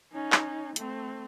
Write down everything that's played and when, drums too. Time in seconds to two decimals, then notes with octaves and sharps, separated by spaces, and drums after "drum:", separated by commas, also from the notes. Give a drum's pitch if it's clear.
0.12 C#4 D#4
0.32 drum: clap
0.76 A3 C4, drum: hi-hat